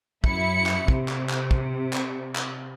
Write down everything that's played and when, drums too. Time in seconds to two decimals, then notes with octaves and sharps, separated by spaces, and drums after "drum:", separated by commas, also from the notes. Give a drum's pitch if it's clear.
0.24 F#2 E4 C#7, drum: kick
0.66 drum: clap
0.88 C3, drum: kick
1.08 drum: clap
1.30 drum: clap
1.51 drum: kick
1.93 drum: clap
2.35 drum: clap